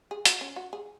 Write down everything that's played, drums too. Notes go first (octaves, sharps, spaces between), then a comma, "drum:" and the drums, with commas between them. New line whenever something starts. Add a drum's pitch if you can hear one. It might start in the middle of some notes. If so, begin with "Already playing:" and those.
G#4
F#4, drum: hi-hat
C#4
F#4
G#4